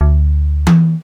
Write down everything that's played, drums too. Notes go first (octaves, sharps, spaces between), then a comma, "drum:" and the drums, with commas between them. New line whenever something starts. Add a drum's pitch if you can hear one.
D2
drum: tom E3